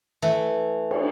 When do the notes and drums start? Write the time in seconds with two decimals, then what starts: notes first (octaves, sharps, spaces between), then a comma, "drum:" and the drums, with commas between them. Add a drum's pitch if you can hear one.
0.22 E3 A3
0.91 drum: cymbal